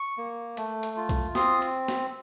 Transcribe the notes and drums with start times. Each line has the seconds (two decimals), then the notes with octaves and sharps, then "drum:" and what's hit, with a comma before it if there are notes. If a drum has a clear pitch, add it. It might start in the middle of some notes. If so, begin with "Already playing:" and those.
Already playing: C#6
0.18 A#3
0.57 A3, drum: hi-hat
0.83 drum: hi-hat
0.97 F4
1.09 drum: kick B1, hi-hat
1.35 C4 C6 D#6, drum: snare
1.62 drum: hi-hat
1.88 drum: snare